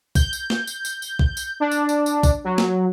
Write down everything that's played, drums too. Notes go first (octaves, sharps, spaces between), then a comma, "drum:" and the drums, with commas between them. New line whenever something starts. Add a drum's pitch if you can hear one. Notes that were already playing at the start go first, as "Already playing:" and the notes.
G6, drum: kick, tambourine
drum: tambourine
drum: snare
drum: tambourine
drum: tambourine
drum: tambourine
drum: kick
drum: tambourine
D4
drum: tambourine
drum: tambourine
drum: tambourine
drum: kick, tambourine
F#3
drum: snare